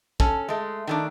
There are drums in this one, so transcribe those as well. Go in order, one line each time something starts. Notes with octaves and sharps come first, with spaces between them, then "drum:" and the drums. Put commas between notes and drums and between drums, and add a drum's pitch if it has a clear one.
C#4 A4, drum: kick
G#3 A3
D#3 A3 D4